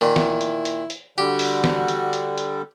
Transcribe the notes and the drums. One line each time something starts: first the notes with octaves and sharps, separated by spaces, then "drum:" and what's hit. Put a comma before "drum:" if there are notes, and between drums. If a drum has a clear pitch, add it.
A#2 D#3 A#3
E4, drum: snare
drum: hi-hat
drum: hi-hat
drum: hi-hat
D3 G3 F#4 G4
drum: open hi-hat
drum: snare
drum: hi-hat
drum: hi-hat
drum: hi-hat